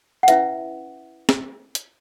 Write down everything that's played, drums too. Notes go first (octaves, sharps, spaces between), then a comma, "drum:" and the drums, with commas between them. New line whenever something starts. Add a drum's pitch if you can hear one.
F#5
C#4 E4 B4 E5, drum: hi-hat
drum: snare
drum: hi-hat